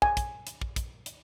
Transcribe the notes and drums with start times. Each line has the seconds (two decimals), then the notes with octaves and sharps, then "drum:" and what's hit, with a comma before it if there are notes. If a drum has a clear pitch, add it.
0.02 G#5, drum: kick
0.17 drum: kick, hi-hat
0.47 drum: hi-hat
0.61 drum: kick
0.76 drum: kick, hi-hat
1.06 drum: hi-hat